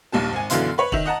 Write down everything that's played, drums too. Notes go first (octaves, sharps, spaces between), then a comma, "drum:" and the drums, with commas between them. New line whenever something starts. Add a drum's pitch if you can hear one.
A#1 D#2 G3 A5
G#1 G#5
F#2 B2 D3 E3 F5 C6, drum: hi-hat
B4 C#5 B5
D#3 E5 F7 F#7, drum: kick
D#5 F#5 A5 A#5